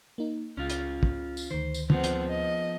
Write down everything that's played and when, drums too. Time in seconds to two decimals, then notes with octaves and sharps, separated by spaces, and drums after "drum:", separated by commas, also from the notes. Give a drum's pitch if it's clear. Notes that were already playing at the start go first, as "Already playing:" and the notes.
0.18 A#3 D#4
0.57 C#2 C#4 F4
0.70 drum: hi-hat
1.03 drum: kick
1.37 drum: tambourine
1.51 D2 D#3 C5
1.74 drum: tambourine
1.90 F3 B3 C4 F#5, drum: tom
2.04 drum: hi-hat
2.29 D#5